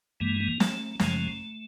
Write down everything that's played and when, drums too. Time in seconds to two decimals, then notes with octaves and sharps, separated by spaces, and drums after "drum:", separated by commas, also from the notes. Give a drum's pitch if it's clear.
0.20 G2 E3 G#3 A#3
0.40 A#3
0.60 A3, drum: snare
1.00 F#2 C#3 F3 G#3 A3, drum: snare